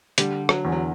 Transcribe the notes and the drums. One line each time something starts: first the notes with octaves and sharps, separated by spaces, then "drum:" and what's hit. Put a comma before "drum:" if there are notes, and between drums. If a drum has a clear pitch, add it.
D3 G3, drum: hi-hat
F#3, drum: rim click
E2
F#3